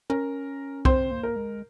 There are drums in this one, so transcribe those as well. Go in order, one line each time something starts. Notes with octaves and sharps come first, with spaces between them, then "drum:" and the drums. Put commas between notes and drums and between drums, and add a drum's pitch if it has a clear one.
C#4 A#4
C4 C5, drum: kick C2
A#3
A#4
G#3